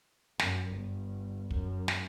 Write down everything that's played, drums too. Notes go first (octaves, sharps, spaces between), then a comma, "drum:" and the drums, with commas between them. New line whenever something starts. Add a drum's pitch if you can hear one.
F#2, drum: snare
G1
F#2, drum: kick
drum: snare